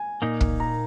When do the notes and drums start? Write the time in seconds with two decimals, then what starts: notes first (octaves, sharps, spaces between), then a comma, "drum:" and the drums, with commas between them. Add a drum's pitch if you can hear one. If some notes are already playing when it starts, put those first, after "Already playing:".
Already playing: G#5
0.22 A#2 A#3 D#4
0.41 drum: kick
0.60 A#5